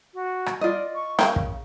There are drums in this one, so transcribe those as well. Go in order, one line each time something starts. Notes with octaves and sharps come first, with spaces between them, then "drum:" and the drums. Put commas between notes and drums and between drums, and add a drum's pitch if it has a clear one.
F#4
drum: rim click
F4 D5 D#5
C#6
C#3 A#3 G5, drum: snare
drum: kick